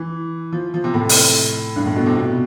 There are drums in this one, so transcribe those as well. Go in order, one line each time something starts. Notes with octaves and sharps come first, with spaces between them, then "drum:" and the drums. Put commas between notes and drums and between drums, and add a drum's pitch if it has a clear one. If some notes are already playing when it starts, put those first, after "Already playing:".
Already playing: E3
F3
F3
C3
A2
drum: open hi-hat
G2
A2
B2
C3
B2